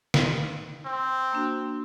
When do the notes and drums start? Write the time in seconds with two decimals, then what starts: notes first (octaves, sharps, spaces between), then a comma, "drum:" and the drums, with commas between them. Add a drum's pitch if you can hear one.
0.14 drum: snare
0.85 C4
1.33 A#3 D4 F#4